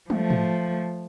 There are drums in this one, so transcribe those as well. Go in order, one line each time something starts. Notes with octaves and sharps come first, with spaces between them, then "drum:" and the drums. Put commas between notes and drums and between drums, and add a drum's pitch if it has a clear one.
F3 A3, drum: tom
drum: tom